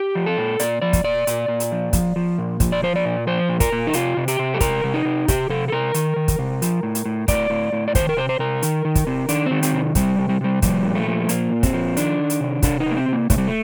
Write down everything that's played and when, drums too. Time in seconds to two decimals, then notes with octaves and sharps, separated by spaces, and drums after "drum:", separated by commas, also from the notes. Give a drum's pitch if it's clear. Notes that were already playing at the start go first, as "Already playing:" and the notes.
Already playing: G4
0.15 F3
0.26 A4
0.37 A#2
0.59 A#2 D5, drum: hi-hat
0.82 F3 D5
0.93 drum: kick, hi-hat
1.04 A#2 D5
1.27 A#2, drum: hi-hat
1.48 A#2
1.60 drum: hi-hat
1.72 F3
1.93 F3, drum: kick, hi-hat
2.16 F3
2.38 A#2
2.60 F3, drum: kick, hi-hat
2.72 D5
2.82 F3 C5
2.96 D5
3.05 A#2
3.27 F3 C5
3.49 A#2
3.60 A#4, drum: kick, hi-hat
3.72 A#2
3.87 D#4
3.93 C3 F4, drum: hi-hat
4.17 C3
4.28 G4, drum: hi-hat
4.39 C3
4.54 A4
4.60 C3 A#4, drum: kick, hi-hat
4.84 C3
4.94 D#4
5.05 C3
5.28 C3 G4, drum: kick, hi-hat
5.49 C3 A4
5.68 A4
5.72 C3 A#4
5.94 D#3, drum: hi-hat
6.16 D#3
6.28 drum: kick, hi-hat
6.39 C3
6.62 F3, drum: hi-hat
6.83 A2
6.95 drum: hi-hat
7.05 A2
7.28 A2 D5, drum: kick, hi-hat
7.50 A2
7.73 A2
7.88 D5
7.95 D#3 C5, drum: kick, hi-hat
8.09 A#4
8.17 C3 C5
8.29 C5
8.39 C3 A#4
8.62 D#3, drum: hi-hat
8.85 D#3
8.95 drum: kick, hi-hat
9.07 C3
9.29 D#3 D4, drum: hi-hat
9.46 D#3 C4
9.63 C4, drum: hi-hat
9.73 C3
9.95 C3 G3, drum: kick, hi-hat
10.19 C3
10.29 G3
10.41 C3 G3
10.62 F3 G3, drum: kick, hi-hat
10.85 A#2
10.95 A3
11.07 F3
11.29 A#2 A#3, drum: hi-hat
11.52 A#2
11.63 C4, drum: kick, hi-hat
11.73 F3
11.97 D#3 D4, drum: hi-hat
12.19 D#3
12.30 drum: hi-hat
12.40 C3
12.63 C3 D4, drum: kick, hi-hat
12.80 D#4
12.86 C3 A#3
12.97 C4
13.08 C3 A#3
13.30 C3 A3, drum: kick, hi-hat
13.38 G3
13.47 A3